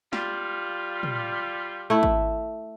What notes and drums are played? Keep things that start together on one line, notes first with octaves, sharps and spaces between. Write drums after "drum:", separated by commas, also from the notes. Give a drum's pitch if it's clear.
G3 F4, drum: snare
drum: tom
A3 E4
drum: kick G#1